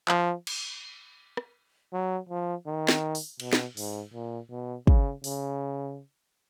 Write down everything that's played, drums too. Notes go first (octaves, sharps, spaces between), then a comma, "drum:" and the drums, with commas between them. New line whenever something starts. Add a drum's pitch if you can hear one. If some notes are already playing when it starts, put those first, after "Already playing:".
F3, drum: clap
drum: cymbal
drum: rim click
F#3
F3
D#3
drum: snare
drum: open hi-hat
B2, drum: cymbal
drum: snare
G#2, drum: open hi-hat
A#2
B2
C#3, drum: kick
C#3, drum: open hi-hat